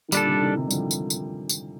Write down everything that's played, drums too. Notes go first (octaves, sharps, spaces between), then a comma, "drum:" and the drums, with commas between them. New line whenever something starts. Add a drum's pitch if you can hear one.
D#3
A#2 D3 G3 D4 A4, drum: tambourine
C3 D#3
C3 D#3
C3 D#3
G3
D3 F3, drum: tambourine
drum: tambourine
drum: tambourine
drum: tambourine